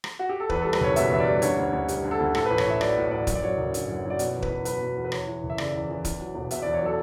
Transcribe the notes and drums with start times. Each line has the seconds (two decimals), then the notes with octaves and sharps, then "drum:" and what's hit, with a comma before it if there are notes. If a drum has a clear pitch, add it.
0.04 drum: rim click
0.19 F#4
0.29 G4
0.40 A4
0.50 E2 B4, drum: kick D1
0.61 A4
0.65 G3
0.73 B4, drum: rim click
0.80 F#1 C#5
0.96 B2 E5, drum: hi-hat
1.11 E2 E5
1.20 D5
1.27 G3
1.42 D3 C#5, drum: hi-hat
1.58 D2
1.73 D2
1.88 G3, drum: hi-hat
2.05 D3
2.11 A4
2.20 D2
2.35 A2 A4, drum: rim click
2.46 B4
2.50 A1
2.58 C#5, drum: rim click
2.65 A1
2.70 E5
2.81 F#3 D5, drum: rim click
2.97 A2
3.11 A1 D5
3.27 F#2 C#5, drum: kick D1, hi-hat
3.35 D5
3.43 F#3 C#5
3.58 F#1
3.74 D3, drum: hi-hat
3.89 F#2
4.05 F#3
4.10 D5
4.19 B2 C#5, drum: hi-hat
4.36 E2
4.42 B4, drum: kick D1
4.50 E2
4.65 F#3 B4, drum: hi-hat
4.81 B2
4.96 E2
5.05 B4
5.12 E2 C#5, drum: rim click
5.27 E3
5.43 F#1
5.50 E5
5.58 C#3 D5, drum: rim click
5.74 E2
5.89 E3
6.05 E2, drum: kick D1, hi-hat
6.20 F#3
6.35 E1
6.51 B2 E5, drum: hi-hat
6.62 D5
6.66 E2
6.74 C#5
6.81 F#3 A4